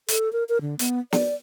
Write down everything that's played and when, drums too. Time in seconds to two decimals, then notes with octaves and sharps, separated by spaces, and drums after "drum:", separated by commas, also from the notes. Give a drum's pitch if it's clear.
0.08 A4, drum: hi-hat
0.33 A#4
0.49 A#4
0.61 D3
0.79 B3, drum: hi-hat
1.12 D5, drum: snare